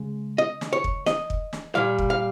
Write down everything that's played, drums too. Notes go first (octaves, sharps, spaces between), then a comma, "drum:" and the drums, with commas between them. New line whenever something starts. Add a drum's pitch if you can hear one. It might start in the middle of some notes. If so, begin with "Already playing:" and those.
Already playing: C#3 G#3
D#5
drum: snare
C#5
drum: kick
D#5, drum: snare
drum: kick
drum: snare
A#2 G3 F5
drum: kick
F5